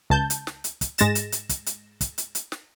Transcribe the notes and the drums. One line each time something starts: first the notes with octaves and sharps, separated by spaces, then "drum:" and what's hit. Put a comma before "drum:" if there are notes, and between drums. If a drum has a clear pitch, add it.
C#2 A5 G6
drum: hi-hat
drum: snare
drum: hi-hat
drum: kick, hi-hat
G#2 G#3 A6 A#6 E7, drum: hi-hat
drum: hi-hat
drum: hi-hat
drum: kick, hi-hat
drum: hi-hat
drum: kick, hi-hat
drum: hi-hat
drum: hi-hat
drum: snare